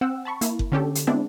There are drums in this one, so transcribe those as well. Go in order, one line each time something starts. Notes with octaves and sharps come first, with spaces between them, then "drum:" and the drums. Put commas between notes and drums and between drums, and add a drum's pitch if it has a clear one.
C4 F#5 G5 E6
A5 B5 C#6
A#3 E4, drum: hi-hat
drum: kick F#1
D3 C#4 G4 A4
drum: hi-hat
G#3 B3 C4 D4 E4